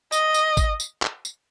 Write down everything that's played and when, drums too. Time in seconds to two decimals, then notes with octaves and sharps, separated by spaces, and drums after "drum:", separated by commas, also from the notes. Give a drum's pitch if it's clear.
0.12 D#5, drum: tambourine
0.34 drum: tambourine
0.57 drum: kick, tambourine
0.80 drum: tambourine
1.02 drum: clap
1.25 drum: tambourine